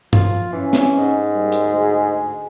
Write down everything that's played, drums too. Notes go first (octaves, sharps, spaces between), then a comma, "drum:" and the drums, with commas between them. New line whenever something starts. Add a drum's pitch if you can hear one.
F3 F4, drum: tom G2
E3 C#4
drum: snare
G#2
G3 G#3 A#3
drum: hi-hat
D2 G#4